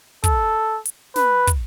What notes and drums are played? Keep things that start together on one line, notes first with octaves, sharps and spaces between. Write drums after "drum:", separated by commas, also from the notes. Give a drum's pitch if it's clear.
A4, drum: kick, hi-hat
drum: hi-hat
B4, drum: snare
drum: kick, hi-hat